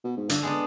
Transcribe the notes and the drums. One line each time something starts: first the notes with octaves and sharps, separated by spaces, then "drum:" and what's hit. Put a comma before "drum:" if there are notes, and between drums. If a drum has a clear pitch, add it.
B2
G#2
G2 D3, drum: hi-hat
G#3 B3 D4